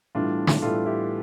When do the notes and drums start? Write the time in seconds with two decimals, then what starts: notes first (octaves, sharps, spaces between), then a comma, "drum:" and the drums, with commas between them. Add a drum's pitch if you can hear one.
0.15 A2 E3 G3 B3 D4 F4
0.47 drum: snare
0.62 A2 E3 G3 B3 F4 A4
0.86 E4 G4